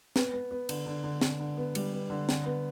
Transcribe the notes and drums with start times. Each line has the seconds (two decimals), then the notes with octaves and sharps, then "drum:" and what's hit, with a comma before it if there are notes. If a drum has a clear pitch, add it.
0.16 B3, drum: snare
0.33 B3
0.51 B3
0.69 D3, drum: cymbal
0.86 D3
1.04 D3
1.21 D3, drum: snare
1.40 D3
1.57 B3
1.75 G3, drum: cymbal
1.93 B3
2.10 D3
2.29 D3, drum: snare
2.46 B3